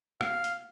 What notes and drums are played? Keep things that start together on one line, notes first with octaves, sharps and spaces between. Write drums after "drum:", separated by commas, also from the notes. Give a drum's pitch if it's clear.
F5, drum: rim click
drum: hi-hat